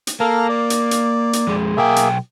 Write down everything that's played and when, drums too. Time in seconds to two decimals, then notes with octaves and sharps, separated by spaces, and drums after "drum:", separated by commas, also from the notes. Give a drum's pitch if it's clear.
0.07 drum: hi-hat
0.20 A#3 A4 F5 A#5
0.49 D5
0.70 drum: hi-hat
0.91 drum: hi-hat
1.33 drum: hi-hat
1.47 F2 G#3
1.77 B1 A#3 G#4 E5 G5
1.96 drum: hi-hat